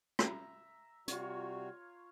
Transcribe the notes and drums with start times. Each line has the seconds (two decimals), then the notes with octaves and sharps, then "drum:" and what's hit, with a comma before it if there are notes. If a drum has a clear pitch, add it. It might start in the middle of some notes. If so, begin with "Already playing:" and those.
0.19 E5 A#5, drum: rim click
1.08 C3 G3 F4 F#4 C#5, drum: hi-hat